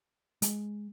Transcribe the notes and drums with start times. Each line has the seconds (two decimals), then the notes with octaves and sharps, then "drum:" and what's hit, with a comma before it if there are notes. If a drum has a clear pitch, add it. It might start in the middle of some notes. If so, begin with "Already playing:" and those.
0.42 G#3, drum: hi-hat